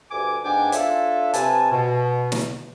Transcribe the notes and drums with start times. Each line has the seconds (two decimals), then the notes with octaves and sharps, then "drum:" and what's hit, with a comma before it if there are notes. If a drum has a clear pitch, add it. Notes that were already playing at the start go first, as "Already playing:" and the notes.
0.11 D2 G2 G#5 D6
0.45 G#2 B3 D4 G5 G#5 D6
0.72 D4 F4 A4 C#5 E5, drum: hi-hat
1.34 C3 B4 G#5 A5, drum: hi-hat
1.72 B2
2.32 drum: snare